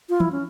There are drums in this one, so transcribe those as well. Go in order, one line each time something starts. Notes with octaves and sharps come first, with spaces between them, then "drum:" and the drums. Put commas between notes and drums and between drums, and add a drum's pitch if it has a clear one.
F4
E4, drum: tom E3
C#4